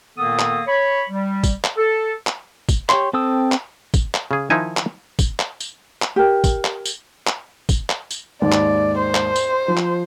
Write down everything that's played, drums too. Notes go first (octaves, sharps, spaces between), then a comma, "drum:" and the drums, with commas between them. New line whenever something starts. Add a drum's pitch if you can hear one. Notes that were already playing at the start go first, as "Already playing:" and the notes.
A#2 D#3 A#3 B3 A4 D#6
drum: clap
C#5 B5
G3
drum: kick, tambourine
drum: clap
A4
drum: clap
drum: kick, tambourine
G4 C#5 C6, drum: clap
C4 A4 G5 D#6 E6
drum: clap
drum: kick, tambourine
drum: clap
C#3 G#4
D#3 F3 D#4 E4 G#5
drum: clap
drum: kick, tambourine
drum: clap
drum: tambourine
drum: clap
G4 A#4
drum: kick, tambourine
drum: clap
drum: tambourine
drum: clap
drum: kick, tambourine
drum: clap
drum: tambourine
D#2 G#2 D5
drum: clap
C5
drum: clap
drum: tambourine
F3
drum: clap